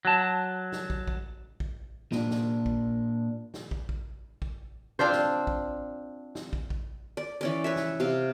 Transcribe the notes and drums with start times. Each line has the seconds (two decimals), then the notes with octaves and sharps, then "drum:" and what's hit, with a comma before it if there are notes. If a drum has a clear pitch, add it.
0.05 F#3 A5
0.72 drum: snare
0.90 drum: kick
1.07 drum: kick
1.60 drum: kick
2.12 A#2 D4, drum: snare
2.31 drum: snare
2.66 drum: kick
3.54 drum: snare
3.71 drum: kick
3.89 drum: kick
4.42 drum: kick
4.99 C4 D4 F4 C5
5.12 drum: snare
5.47 drum: kick
6.35 drum: snare
6.53 drum: kick
6.70 drum: kick
7.17 D5
7.41 E3 C#4 D5
7.64 B4 C#5 E5
7.76 drum: snare
8.00 C3 F5